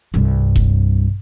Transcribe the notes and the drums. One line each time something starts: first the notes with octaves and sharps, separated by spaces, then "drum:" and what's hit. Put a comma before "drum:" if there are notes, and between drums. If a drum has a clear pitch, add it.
C2 G2
drum: kick E1